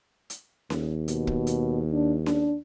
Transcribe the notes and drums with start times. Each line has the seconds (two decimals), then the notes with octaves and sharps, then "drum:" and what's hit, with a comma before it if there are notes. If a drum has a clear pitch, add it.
0.30 drum: hi-hat
0.70 D#2, drum: snare C#4
1.08 B2, drum: hi-hat
1.27 drum: kick
1.47 drum: hi-hat
1.92 D4
2.26 D4, drum: snare C#4